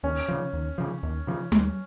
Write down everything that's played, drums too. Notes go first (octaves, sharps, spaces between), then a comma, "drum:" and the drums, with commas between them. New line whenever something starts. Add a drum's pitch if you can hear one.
D#2 C#4
C#3 F3
D#2
C#3 F3
D#2
C#3 F3
D#2, drum: tom G3